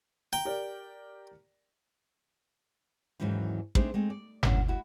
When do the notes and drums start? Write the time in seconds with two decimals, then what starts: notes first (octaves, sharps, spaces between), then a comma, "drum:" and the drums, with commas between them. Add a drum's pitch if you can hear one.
0.33 G5 A#5
0.45 G4 A#4 D5
3.20 D#2 G#2 E3 F#3 C#4 D#4
3.75 A3 C4 D4 D#4 G#4 C5, drum: kick
3.94 G#3 A3 C4
4.10 D5
4.43 F#2 A2 E3 C#4 D4 F#5, drum: tom G1
4.68 E4 F#4